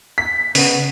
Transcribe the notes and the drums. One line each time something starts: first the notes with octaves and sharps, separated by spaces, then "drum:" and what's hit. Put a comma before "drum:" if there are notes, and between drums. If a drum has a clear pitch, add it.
B6
C#3 B3, drum: open hi-hat